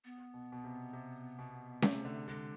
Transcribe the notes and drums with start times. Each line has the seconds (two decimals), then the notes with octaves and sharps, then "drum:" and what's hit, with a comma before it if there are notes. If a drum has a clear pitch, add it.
0.05 B3
0.34 B2
0.52 B2
0.64 C3
0.93 C3
1.39 B2
1.82 C3 A3, drum: snare C#4
2.05 D3
2.28 D3 G#3